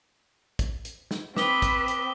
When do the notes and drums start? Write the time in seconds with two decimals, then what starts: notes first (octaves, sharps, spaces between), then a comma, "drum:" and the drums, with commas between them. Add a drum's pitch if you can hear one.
0.59 drum: kick, hi-hat
0.85 drum: hi-hat
1.11 drum: snare
1.37 C4 B4 D6 D#6 G7, drum: snare
1.62 drum: kick, hi-hat
1.88 drum: hi-hat